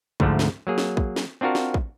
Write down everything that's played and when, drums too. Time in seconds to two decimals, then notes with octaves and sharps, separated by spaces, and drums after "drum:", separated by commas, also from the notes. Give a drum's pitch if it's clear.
0.20 D2 G#2 D3 F3 A3, drum: kick
0.39 drum: snare
0.67 F#3 A#3 G#4
0.78 drum: snare
0.97 drum: kick
1.16 drum: snare
1.41 C4 D4 F4 F#4 A#4
1.55 drum: snare
1.74 drum: kick